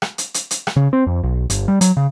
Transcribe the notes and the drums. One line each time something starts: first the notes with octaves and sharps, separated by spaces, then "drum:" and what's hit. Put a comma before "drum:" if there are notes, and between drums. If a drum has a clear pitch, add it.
drum: rim click
drum: hi-hat
drum: hi-hat
drum: hi-hat
drum: rim click
C#3
C4
F2
B1
G1, drum: hi-hat
G3
F#3, drum: hi-hat
C#3